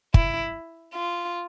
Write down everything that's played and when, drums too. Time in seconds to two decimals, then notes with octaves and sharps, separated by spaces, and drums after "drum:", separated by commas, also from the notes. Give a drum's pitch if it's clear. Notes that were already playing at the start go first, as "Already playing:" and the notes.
0.14 E4, drum: kick
0.94 F4